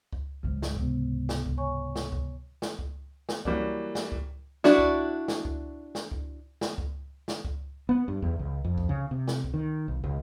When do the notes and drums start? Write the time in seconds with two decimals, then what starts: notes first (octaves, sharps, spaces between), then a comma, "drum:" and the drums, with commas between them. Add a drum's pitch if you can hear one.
0.13 drum: kick C#2
0.43 C#2 G#2 C#3 F#3
0.62 drum: snare
0.76 C3 B3, drum: kick C#2
1.29 drum: snare
1.46 drum: kick C#2
1.58 C#5 G#5 C#6
1.96 drum: snare
2.12 drum: kick C#2
2.62 drum: snare
2.79 drum: kick C#2
3.29 drum: snare
3.45 E3 F#3 G3 A#3 D5, drum: kick C#2
3.95 drum: snare
4.12 drum: kick C#2
4.64 D4 E4 F#4, drum: snare
4.78 drum: kick C#2
5.28 drum: snare
5.45 drum: kick C#2
5.95 drum: snare
6.11 drum: kick C#2
6.61 drum: snare
6.78 drum: kick C#2
7.28 drum: snare
7.45 drum: kick C#2
7.89 B3
8.08 G2
8.22 E2
8.39 C#2
8.65 F2
8.78 drum: kick C#2
8.89 C#3
9.11 C3
9.28 drum: snare
9.44 drum: kick C#2
9.54 D#3
9.88 B1
10.04 C#2